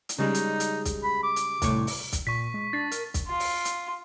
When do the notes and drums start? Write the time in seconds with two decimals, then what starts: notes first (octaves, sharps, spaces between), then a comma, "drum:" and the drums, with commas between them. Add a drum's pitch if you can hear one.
0.09 drum: hi-hat
0.18 C#3 G3 G#3 D#4
0.34 drum: hi-hat
0.60 drum: hi-hat
0.85 drum: kick, hi-hat
1.03 B5
1.23 D6
1.36 drum: hi-hat
1.62 C2 A2 C#5, drum: kick, hi-hat
1.87 drum: open hi-hat
2.13 drum: kick, hi-hat
2.27 A#2 C#6 B6
2.54 G#3
2.73 D4 A6 C7
2.92 A#4, drum: hi-hat
3.14 drum: kick, hi-hat
3.27 F4
3.40 drum: open hi-hat
3.65 drum: hi-hat